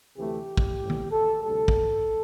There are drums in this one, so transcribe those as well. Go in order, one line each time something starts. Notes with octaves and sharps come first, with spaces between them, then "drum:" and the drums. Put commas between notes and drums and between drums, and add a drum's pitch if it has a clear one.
D2 C3 E3 A3 G4
drum: kick
A1 A2 G3
drum: tom
A4
D2 C3 G3 A4
drum: kick